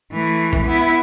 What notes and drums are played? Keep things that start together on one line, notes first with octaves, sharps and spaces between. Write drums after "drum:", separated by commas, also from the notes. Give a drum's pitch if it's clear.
E3 A3
drum: kick
B3 E4